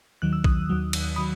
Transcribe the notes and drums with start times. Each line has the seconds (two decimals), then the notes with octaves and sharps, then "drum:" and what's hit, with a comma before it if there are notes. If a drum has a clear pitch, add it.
0.22 D#2 D#3 F#3 F#6
0.33 E6
0.44 D#6 F#6, drum: kick
0.69 D#2 D#3 F#3
0.93 drum: cymbal
1.16 D#3 F#3 B5 D#6